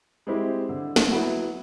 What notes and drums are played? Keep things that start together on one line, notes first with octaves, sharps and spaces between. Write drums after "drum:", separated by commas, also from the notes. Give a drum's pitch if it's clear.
G#3 C4 E4 G4
D3
drum: snare
F#3 B3 E4